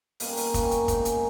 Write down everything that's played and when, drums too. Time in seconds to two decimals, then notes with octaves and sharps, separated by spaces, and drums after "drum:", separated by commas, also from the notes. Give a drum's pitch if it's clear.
0.20 B2 G3 A#3 C#4, drum: open hi-hat
0.37 drum: open hi-hat
0.54 B2 G3 A#3 C#4, drum: kick, hi-hat
0.71 drum: hi-hat
0.88 G#2 D#3 G#3, drum: kick, hi-hat
1.05 drum: hi-hat